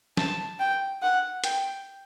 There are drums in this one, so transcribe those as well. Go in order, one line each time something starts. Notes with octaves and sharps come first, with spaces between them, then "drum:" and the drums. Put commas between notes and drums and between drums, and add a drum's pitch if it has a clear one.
A5, drum: snare
G5
F#5
G5, drum: hi-hat